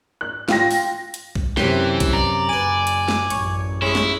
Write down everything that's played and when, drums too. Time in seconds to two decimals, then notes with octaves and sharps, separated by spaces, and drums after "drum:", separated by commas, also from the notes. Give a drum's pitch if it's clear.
0.21 F#6
0.48 F4 G5 A#6, drum: snare
0.71 drum: open hi-hat
1.14 drum: hi-hat
1.35 drum: kick B1
1.57 F#2 C3 E3 G4, drum: snare
2.00 drum: kick B1, hi-hat
2.13 D5 A#5
2.49 F#1 B4 G#5 D6
2.87 drum: hi-hat
3.08 drum: snare
3.30 A1 F#2 C#5, drum: hi-hat
3.82 G#3 C#4 E4 G#4
3.95 drum: snare